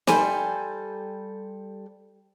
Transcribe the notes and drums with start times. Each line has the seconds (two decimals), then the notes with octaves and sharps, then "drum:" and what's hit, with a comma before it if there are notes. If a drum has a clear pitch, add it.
0.07 G3 A4 C5 G#5, drum: snare